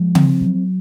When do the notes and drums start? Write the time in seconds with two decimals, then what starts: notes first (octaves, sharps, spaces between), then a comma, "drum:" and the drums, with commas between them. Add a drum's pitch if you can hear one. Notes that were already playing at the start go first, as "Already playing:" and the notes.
Already playing: F3 G#3
0.15 C4, drum: tom C#3
0.41 F#3